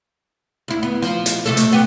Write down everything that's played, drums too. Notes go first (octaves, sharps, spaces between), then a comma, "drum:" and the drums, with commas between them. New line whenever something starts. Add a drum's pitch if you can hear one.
D2 E4
B3
F3
drum: hi-hat
C3 A3 A4
drum: hi-hat
B3 G4